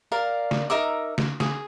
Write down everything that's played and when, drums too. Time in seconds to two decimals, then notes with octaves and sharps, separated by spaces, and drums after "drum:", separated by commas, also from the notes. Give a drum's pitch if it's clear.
0.12 A#4 D5 F5
0.51 drum: snare
0.70 D#4 A#4 E5 D6
1.18 drum: snare
1.40 G#4, drum: snare